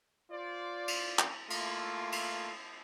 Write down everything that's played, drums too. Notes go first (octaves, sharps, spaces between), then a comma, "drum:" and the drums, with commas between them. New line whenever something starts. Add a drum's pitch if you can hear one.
F4 C5 D5
drum: cymbal
drum: clap
A3 A#3 E4 F4, drum: cymbal
drum: cymbal